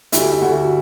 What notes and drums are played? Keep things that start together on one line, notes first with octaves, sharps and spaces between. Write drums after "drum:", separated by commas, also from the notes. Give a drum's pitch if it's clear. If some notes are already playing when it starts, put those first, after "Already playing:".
D2 D3 G3 E4 E5, drum: hi-hat
E5
D2 D3 G3 F#4 F#5